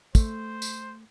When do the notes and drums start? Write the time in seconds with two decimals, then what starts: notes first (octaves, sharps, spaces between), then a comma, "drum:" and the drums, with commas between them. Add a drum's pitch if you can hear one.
0.15 A3 C5, drum: kick, tambourine
0.62 drum: tambourine